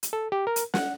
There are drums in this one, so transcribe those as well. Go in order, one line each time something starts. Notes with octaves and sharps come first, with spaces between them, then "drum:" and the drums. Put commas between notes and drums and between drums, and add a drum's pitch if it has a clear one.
drum: hi-hat
A4
G4
A#4
drum: hi-hat
F#5, drum: snare